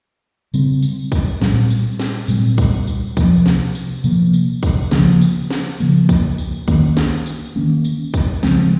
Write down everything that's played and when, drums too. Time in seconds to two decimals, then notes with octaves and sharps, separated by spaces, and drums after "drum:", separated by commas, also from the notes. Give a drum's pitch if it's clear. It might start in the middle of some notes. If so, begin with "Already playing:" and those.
0.54 C#3 G3 C4, drum: tambourine
0.83 drum: tambourine
1.12 drum: kick, tambourine
1.41 A#2 G3 C4, drum: snare
1.70 drum: tambourine
1.99 drum: snare
2.28 A#2 G3 C4, drum: tambourine
2.58 drum: kick, tambourine
2.87 drum: tambourine
3.17 C3 F3 A#3, drum: kick, tambourine
3.46 drum: snare
3.75 drum: tambourine
4.04 C3 F3 A#3, drum: tambourine
4.33 drum: tambourine
4.63 drum: kick, tambourine
4.91 C#3 F3 A#3, drum: snare
5.21 drum: tambourine
5.50 drum: snare
5.80 C#3 F3 A#3, drum: tambourine
6.09 drum: kick, tambourine
6.38 drum: tambourine
6.68 D#3 A#3 C#4, drum: kick, tambourine
6.97 drum: snare
7.26 drum: tambourine
7.56 D#3 A#3 C#4
7.84 drum: tambourine
8.14 drum: kick, tambourine
8.43 C#3 F3 G#3 C4, drum: snare